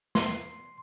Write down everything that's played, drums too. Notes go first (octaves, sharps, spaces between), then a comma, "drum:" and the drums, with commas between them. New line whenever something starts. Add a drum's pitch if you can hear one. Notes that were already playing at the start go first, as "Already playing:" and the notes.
C6, drum: snare